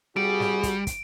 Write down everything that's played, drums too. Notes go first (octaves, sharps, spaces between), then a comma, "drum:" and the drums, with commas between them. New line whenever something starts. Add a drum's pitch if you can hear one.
C2 G3 F#4 G#4 D7
drum: snare
drum: kick, hi-hat
drum: kick, hi-hat